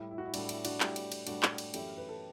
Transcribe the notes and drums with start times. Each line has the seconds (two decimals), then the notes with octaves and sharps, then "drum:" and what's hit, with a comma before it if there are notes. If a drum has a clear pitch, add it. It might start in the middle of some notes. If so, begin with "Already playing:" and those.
Already playing: A2 G3 E4
0.11 E4
0.18 F#4
0.25 E4
0.34 A2 G3 D4, drum: cymbal
0.49 E4, drum: cymbal
0.65 D4 F#4, drum: cymbal
0.80 A2 G3 E4 G4, drum: clap
0.96 drum: cymbal
1.12 drum: cymbal
1.27 A2 G3 D4 F#4, drum: cymbal
1.43 drum: clap
1.58 drum: cymbal
1.74 F#2 E3 A3 E4 G4, drum: cymbal
1.97 B4
2.09 A4